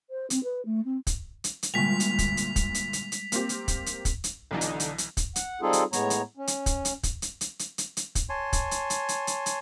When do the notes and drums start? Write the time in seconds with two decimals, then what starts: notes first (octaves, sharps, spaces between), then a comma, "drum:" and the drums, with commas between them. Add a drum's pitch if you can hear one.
0.10 C5
0.30 C4, drum: hi-hat
0.43 B4
0.65 A3
0.85 C4
1.07 drum: kick, hi-hat
1.44 drum: hi-hat
1.63 drum: hi-hat
1.74 D2 A#2 G3 G#3 B6 F7
2.00 drum: hi-hat
2.19 drum: kick, hi-hat
2.37 drum: hi-hat
2.56 drum: kick, hi-hat
2.74 drum: hi-hat
2.93 drum: hi-hat
3.12 drum: hi-hat
3.32 A#3 C4 G4, drum: hi-hat
3.49 drum: hi-hat
3.68 drum: kick, hi-hat
3.86 drum: hi-hat
4.05 drum: kick, hi-hat
4.24 drum: hi-hat
4.51 B1 D3 E3 D4 D#4
4.61 drum: hi-hat
4.80 drum: hi-hat
4.98 drum: hi-hat
5.17 drum: kick, hi-hat
5.36 F#5, drum: hi-hat
5.62 G3 C4 D#4 F4 G#4 A4
5.73 drum: hi-hat
5.93 A2 G#3 B3 C#5 A#5, drum: hi-hat
6.10 drum: hi-hat
6.37 C#4
6.47 drum: hi-hat
6.66 drum: kick, hi-hat
6.85 drum: hi-hat
7.03 drum: kick, hi-hat
7.22 drum: hi-hat
7.41 drum: hi-hat
7.59 drum: hi-hat
7.78 drum: hi-hat
7.97 drum: hi-hat
8.15 drum: kick, hi-hat
8.29 C#5 G#5 A5 C6
8.53 drum: kick, hi-hat
8.71 drum: hi-hat
8.90 drum: hi-hat
9.09 drum: hi-hat
9.27 drum: hi-hat
9.46 drum: hi-hat